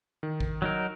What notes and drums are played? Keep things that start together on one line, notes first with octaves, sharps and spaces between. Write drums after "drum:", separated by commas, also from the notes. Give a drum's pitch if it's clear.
D#3
drum: kick
F#3 D#4 A#4